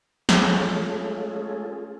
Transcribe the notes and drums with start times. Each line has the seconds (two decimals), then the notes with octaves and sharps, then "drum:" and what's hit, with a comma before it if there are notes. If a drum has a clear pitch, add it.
0.29 G#3 A3 C#4 F4 G#4 A4, drum: snare